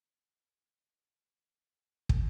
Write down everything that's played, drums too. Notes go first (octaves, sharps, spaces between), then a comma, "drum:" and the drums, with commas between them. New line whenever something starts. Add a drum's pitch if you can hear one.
F3 E4 G#4
B4 C#6
G#1 F#4 C5
drum: kick